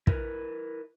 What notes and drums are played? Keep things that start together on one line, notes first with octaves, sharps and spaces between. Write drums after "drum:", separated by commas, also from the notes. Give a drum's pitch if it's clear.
E4 A#4 B4, drum: kick